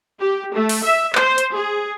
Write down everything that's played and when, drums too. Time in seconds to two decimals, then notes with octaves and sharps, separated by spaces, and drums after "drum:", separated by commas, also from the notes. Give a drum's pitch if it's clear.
0.20 G4
0.53 A3
0.69 drum: open hi-hat
0.84 E5
1.15 C5, drum: clap
1.38 drum: hi-hat
1.53 G#4